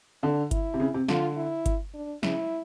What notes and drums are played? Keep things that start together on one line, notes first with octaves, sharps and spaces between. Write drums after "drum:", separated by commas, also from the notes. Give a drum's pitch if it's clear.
D3 D4
E4, drum: kick G1, hi-hat
C3
C#3
C3
D3 F4, drum: snare
E4
drum: kick G1, hi-hat
D4
C#3 E4, drum: snare